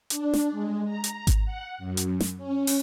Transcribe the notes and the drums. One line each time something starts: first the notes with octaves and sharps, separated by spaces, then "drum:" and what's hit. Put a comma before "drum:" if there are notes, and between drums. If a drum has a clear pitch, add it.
D4, drum: hi-hat
drum: snare
G#3
A#5
drum: hi-hat
drum: kick G#1, hi-hat
F#5
F#2
drum: hi-hat
drum: snare
C#4
drum: open hi-hat